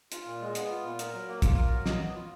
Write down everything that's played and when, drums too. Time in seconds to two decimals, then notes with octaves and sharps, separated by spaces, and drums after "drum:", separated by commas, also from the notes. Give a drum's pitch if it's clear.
0.12 F4, drum: hi-hat
0.26 A#2
0.40 G#3
0.55 B3, drum: hi-hat
0.70 F4
0.84 A#2
0.99 A#4, drum: hi-hat
1.13 F#3
1.28 A#3
1.42 F4, drum: kick, hi-hat
1.57 A#4
1.72 F#3
1.86 D#5, drum: snare
2.00 B3
2.15 F4